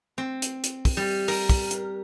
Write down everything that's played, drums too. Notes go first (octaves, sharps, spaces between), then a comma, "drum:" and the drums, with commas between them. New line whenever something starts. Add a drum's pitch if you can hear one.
C4
drum: hi-hat
drum: hi-hat
drum: kick, open hi-hat
G3
A#4, drum: open hi-hat
drum: kick, open hi-hat
drum: hi-hat